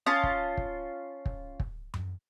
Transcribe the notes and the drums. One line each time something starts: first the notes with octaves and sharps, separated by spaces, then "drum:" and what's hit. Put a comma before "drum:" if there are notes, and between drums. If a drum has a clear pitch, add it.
C#4 F4 A5 D#6
drum: kick
drum: kick
drum: kick
drum: kick
drum: tom F#2